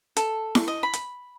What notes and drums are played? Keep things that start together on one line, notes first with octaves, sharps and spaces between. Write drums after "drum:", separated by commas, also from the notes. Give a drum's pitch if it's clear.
A4, drum: hi-hat
drum: snare E4
D#5
B5
drum: hi-hat